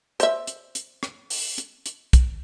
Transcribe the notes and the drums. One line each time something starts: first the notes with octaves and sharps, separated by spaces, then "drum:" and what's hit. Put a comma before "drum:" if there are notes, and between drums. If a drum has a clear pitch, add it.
C5 E5, drum: hi-hat
drum: hi-hat
drum: hi-hat
drum: rim click
drum: open hi-hat
drum: hi-hat
drum: hi-hat
drum: kick, hi-hat